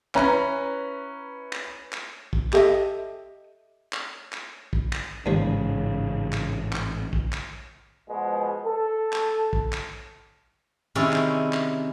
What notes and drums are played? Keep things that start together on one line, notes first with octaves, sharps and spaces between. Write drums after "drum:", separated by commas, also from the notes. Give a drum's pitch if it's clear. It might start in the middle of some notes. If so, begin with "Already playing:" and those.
C#4 E4 B4 A#5 B5, drum: clap
drum: clap
drum: clap
drum: kick
G4 A4 D#5 E5, drum: clap
drum: clap
drum: clap
drum: kick
drum: clap
A1 D#2 G#2 C#3 F3
drum: clap
drum: clap
drum: kick
drum: clap
B2 F3 G#3 B3
A4
drum: clap
drum: kick
drum: clap
C3 D#3 C#4 E4 G#4 D5
drum: clap
drum: clap